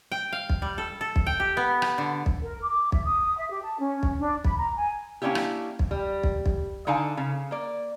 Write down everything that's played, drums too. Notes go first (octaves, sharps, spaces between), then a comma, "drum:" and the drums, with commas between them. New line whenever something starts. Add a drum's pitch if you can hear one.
G5
F5
drum: kick
G3
A4
A4
drum: kick
G5
G4
B3
drum: rim click
D3
drum: kick
A#4
D6
E5, drum: kick
D#6
E5
G4
A5
C#4
drum: kick
D4
B5, drum: kick
A#5
G#5
A#3 C#4 D4 E4 G4
drum: rim click
drum: kick
G3
drum: kick
drum: kick
D3 D#4 F5 G#5 A5
C#3
A#3 D5